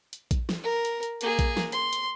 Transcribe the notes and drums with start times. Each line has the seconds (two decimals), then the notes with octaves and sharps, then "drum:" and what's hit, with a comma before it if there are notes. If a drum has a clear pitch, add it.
0.13 drum: hi-hat
0.31 drum: kick A#1, hi-hat
0.49 drum: snare
0.63 A#4
0.85 drum: hi-hat
1.03 drum: hi-hat
1.21 A#3 G#4, drum: hi-hat
1.39 drum: kick A#1, hi-hat
1.57 drum: snare
1.72 C6, drum: hi-hat
1.93 drum: hi-hat